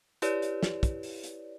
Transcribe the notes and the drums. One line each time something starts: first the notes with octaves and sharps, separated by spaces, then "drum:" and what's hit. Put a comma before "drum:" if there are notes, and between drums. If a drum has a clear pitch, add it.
E4 G4 B4 C#5 D5, drum: hi-hat
drum: hi-hat
drum: snare
drum: kick, hi-hat
drum: open hi-hat
drum: hi-hat